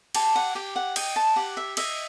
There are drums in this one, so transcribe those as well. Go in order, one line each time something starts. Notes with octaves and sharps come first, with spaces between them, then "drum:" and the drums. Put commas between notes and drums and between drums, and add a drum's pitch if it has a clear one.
G4 A5, drum: cymbal
F#5
G4 G5
F#5
D#5 G5, drum: cymbal
A5
G4 F#5
E5
D#5 E5, drum: cymbal